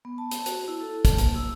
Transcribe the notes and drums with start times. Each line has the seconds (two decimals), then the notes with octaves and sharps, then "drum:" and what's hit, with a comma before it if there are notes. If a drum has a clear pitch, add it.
0.05 B3
0.18 A5
0.31 A5, drum: hi-hat
0.46 F#4, drum: hi-hat
0.68 E4
0.81 A4
1.05 A5, drum: kick, hi-hat
1.18 A#3, drum: hi-hat
1.35 E6